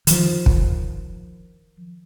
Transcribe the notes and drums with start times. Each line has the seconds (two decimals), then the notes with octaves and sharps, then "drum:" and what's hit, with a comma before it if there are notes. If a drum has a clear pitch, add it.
0.07 D#3 F3, drum: hi-hat
0.46 drum: kick